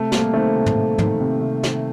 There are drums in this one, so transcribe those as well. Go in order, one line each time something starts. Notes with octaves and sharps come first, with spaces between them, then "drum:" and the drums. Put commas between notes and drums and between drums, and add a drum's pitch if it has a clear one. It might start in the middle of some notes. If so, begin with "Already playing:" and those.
Already playing: C3 A3
G3 A#3, drum: snare
D#3 A3 C4
C3
drum: tom
C3
D#3, drum: tom
C3
C3
D#3, drum: snare